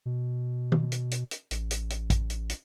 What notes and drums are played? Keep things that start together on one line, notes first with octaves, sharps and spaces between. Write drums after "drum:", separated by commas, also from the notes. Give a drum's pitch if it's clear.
B2
drum: tom
drum: hi-hat
drum: hi-hat
drum: hi-hat
A1, drum: hi-hat
drum: hi-hat
drum: hi-hat
drum: kick, hi-hat
drum: hi-hat
drum: hi-hat